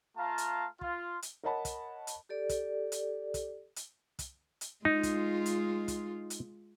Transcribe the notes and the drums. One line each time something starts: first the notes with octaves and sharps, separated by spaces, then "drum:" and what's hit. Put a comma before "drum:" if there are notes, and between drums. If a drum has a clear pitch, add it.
A3 F4 F5 A5 A#5
drum: hi-hat
F4, drum: kick
drum: hi-hat
A#4 C#5 D#5 F#5 A5 B5
drum: kick, hi-hat
drum: hi-hat
G4 A4 D5
drum: kick, hi-hat
drum: hi-hat
drum: kick, hi-hat
drum: hi-hat
drum: kick, hi-hat
drum: hi-hat
G#3 D#4 F4
drum: kick, hi-hat
drum: hi-hat
drum: kick, hi-hat
drum: hi-hat